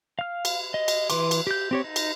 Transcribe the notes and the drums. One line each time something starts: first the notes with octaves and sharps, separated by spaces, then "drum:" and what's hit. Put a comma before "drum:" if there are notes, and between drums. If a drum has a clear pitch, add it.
F5 F6
drum: cymbal
D#5
drum: cymbal
E3 B4 C6 D6, drum: cymbal
drum: cymbal
G4 G6
C4 G4 C#5
D#4
drum: cymbal